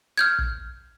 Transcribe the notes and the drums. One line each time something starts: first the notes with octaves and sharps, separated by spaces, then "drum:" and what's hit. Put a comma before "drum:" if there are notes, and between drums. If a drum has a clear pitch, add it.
F6 G6 G#6
drum: kick